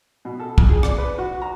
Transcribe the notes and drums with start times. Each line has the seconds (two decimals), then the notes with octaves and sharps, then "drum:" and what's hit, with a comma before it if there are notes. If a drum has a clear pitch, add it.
0.25 B2
0.40 A4
0.58 F2, drum: kick
0.69 G#4
0.83 D5, drum: rim click
0.98 B4
1.18 F#4
1.42 A#5